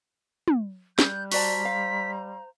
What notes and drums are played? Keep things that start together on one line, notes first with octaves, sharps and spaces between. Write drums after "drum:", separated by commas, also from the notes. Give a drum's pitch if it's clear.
drum: tom
G3 F#6 G6, drum: snare
F#4 C5 D5 A5 A#5 B6, drum: open hi-hat
F5